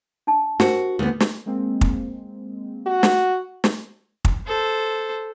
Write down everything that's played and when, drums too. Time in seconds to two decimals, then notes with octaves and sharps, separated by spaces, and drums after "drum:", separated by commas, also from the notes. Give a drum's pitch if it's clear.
0.27 D4 A5
0.60 D4 F#4 A#4 C5, drum: snare
0.99 D2 B3
1.20 drum: snare
1.46 G#3 A#3 C4
1.81 drum: kick
2.86 F#4
3.03 drum: snare
3.64 drum: snare
4.25 drum: kick
4.47 A4 C5